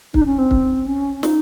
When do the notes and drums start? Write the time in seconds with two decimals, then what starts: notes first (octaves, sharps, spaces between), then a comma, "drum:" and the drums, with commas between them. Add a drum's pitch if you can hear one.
0.14 D#4, drum: kick
0.21 D4
0.26 C#4
0.39 C4
0.51 drum: kick
0.87 C#4
1.23 D#4, drum: snare